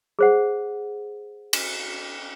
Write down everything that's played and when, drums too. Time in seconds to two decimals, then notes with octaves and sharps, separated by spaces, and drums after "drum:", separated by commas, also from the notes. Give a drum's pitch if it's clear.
0.19 G#4 C5 F#5
1.53 drum: cymbal